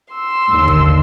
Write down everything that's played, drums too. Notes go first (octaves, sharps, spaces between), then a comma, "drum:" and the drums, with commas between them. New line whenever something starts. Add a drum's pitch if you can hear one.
C6 E6
D#2 D3
drum: kick